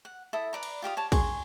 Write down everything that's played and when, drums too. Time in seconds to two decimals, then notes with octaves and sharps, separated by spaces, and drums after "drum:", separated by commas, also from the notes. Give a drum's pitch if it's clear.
0.05 F#5
0.33 E4 A4 E5 D#6
0.53 B4 D5 A#5
0.63 drum: cymbal
0.82 F4 G4 F5 D#6
0.97 C#5 A5
1.12 G#4 C6 C#6, drum: kick, cymbal